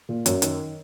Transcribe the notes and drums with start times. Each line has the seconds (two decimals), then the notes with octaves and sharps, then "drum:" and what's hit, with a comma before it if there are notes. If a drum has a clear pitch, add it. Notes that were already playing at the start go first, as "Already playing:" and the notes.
0.09 A#2
0.26 F#2, drum: hi-hat
0.42 D#3, drum: hi-hat